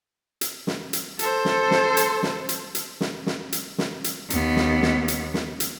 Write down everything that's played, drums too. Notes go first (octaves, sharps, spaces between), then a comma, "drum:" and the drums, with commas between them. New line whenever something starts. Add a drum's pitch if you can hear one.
drum: hi-hat
drum: snare
drum: hi-hat
A4 C5, drum: hi-hat
drum: snare
drum: snare
drum: hi-hat
drum: snare
drum: hi-hat
drum: hi-hat
drum: snare
drum: snare
drum: hi-hat
drum: snare
drum: hi-hat
D#2 B3, drum: hi-hat
drum: snare
drum: snare
drum: hi-hat
drum: snare
drum: hi-hat